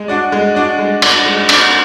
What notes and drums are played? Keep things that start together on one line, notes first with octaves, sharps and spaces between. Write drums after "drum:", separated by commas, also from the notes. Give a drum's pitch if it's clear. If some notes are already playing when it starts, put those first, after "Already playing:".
Already playing: G#3
D4 F#4 D5
G#3
D4 F#4 D5
G#3
D4 F#4 D5, drum: cymbal
G#3
D4 F#4 D5, drum: cymbal